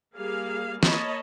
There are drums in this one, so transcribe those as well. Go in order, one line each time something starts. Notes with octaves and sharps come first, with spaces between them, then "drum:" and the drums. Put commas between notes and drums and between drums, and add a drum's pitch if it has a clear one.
G3 A#3 G#4 F5
A#3 C#5 D#5 A5 B5, drum: snare